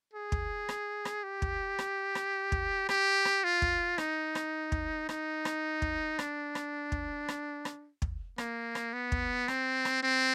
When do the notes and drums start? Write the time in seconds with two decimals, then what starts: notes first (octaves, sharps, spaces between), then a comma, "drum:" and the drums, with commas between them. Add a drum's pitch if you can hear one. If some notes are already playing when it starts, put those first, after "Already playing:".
0.13 G#4
0.32 drum: kick
0.69 drum: rim click
1.05 drum: rim click
1.24 G4
1.42 drum: kick
1.79 drum: rim click
2.15 drum: rim click
2.52 drum: kick
2.89 G4, drum: rim click
3.25 drum: rim click
3.44 F4
3.62 drum: kick
3.98 D#4, drum: rim click
4.35 drum: rim click
4.72 drum: kick
5.09 D#4, drum: rim click
5.45 drum: rim click
5.82 drum: kick
6.19 D4, drum: rim click
6.55 drum: rim click
6.92 drum: kick
7.28 drum: rim click
7.65 drum: rim click
8.02 drum: kick
8.38 A#3, drum: rim click
8.75 drum: rim click
8.93 B3
9.12 drum: kick
9.48 C4, drum: rim click
9.85 drum: rim click
10.03 C4